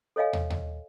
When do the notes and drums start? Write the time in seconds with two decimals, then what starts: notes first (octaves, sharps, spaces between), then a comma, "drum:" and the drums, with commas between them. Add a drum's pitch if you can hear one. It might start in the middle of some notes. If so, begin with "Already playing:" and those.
0.16 A4 C#5 D#5 F5 G#5
0.33 drum: tom
0.50 drum: tom